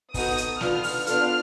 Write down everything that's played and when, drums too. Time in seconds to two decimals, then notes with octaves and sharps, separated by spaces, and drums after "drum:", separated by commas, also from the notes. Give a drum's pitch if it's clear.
0.14 B3 D#4 F#4 A4 D#6, drum: kick, open hi-hat
0.37 drum: hi-hat
0.61 B3 D4 F4 F6, drum: snare
0.83 drum: open hi-hat
1.06 B3 D4 F4 A4 F6, drum: hi-hat